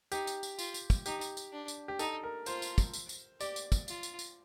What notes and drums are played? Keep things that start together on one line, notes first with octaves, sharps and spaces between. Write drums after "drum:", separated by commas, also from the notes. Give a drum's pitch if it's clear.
D#4 G4, drum: tambourine
drum: tambourine
drum: tambourine
F4, drum: tambourine
drum: tambourine
drum: kick, tambourine
D#4 G4, drum: tambourine
drum: tambourine
drum: tambourine
D4
drum: tambourine
G4
D#4 A4, drum: tambourine
A#4
F4 C5, drum: tambourine
drum: tambourine
drum: kick, tambourine
drum: tambourine
drum: tambourine
G4 D5, drum: tambourine
drum: tambourine
drum: kick, tambourine
F4, drum: tambourine
drum: tambourine
drum: tambourine